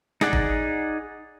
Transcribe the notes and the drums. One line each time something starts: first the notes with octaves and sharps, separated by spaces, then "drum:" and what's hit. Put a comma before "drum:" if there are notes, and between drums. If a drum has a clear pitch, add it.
D#4 G#4 D5 F#5, drum: snare
drum: kick